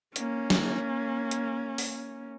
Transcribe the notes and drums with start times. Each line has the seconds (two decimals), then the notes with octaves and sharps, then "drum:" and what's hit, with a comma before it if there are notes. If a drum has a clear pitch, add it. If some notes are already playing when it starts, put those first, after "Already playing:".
0.16 A#3 C#4, drum: hi-hat
0.50 drum: snare
1.31 drum: hi-hat
1.78 drum: open hi-hat